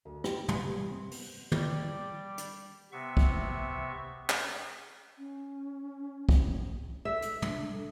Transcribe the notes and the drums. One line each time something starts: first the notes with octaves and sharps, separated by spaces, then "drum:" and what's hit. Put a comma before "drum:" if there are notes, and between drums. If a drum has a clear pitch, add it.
D2
G4, drum: rim click
B4, drum: tom
G3
E3
C4
B3, drum: open hi-hat
G3 D5, drum: tom
drum: hi-hat
C3 B3 E5 C#6
drum: kick
drum: clap
C#4
drum: kick
A4 E5
drum: hi-hat
D4, drum: tom
A4